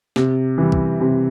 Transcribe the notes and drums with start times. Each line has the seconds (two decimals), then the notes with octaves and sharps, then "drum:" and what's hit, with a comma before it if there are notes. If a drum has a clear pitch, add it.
0.16 C3, drum: snare
0.58 E3 G3
0.72 drum: kick
1.01 C3